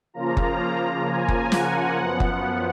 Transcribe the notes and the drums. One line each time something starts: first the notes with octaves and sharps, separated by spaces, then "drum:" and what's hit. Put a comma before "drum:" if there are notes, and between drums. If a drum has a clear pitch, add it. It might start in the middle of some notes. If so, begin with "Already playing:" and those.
C#3 F3 A#3 F4 A#5
drum: kick F#1
G#5
drum: kick F#1
F#5, drum: snare
F#2 F3 B3
drum: kick F#1